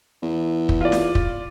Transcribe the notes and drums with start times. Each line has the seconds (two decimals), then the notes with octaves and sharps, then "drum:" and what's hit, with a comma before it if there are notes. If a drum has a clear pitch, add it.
0.23 E2
0.69 drum: kick
0.81 F4 D5
0.92 drum: snare
1.15 drum: kick